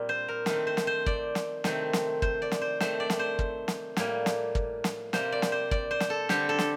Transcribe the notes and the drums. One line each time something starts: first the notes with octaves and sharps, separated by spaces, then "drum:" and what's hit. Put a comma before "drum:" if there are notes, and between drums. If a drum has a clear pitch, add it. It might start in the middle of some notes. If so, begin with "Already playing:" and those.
Already playing: A#2 G3 C4 A#4
C5
A#4
D#3 A3 C4, drum: snare
C5
drum: snare
C5
D5, drum: kick
drum: snare
C3 D#3 A3 C4, drum: snare
drum: snare
C5, drum: kick
D5
drum: snare
C5
D#3 A3 C4 C5, drum: snare
D5
drum: snare
C5
drum: kick
drum: snare
A2 G3 A#3, drum: snare
drum: snare
drum: kick
drum: snare
C3 G3 A#3 C5, drum: snare
D5
drum: snare
C5
D5, drum: kick
C5
drum: snare
A4
D3 G3 C4 G4, drum: snare
A4
drum: snare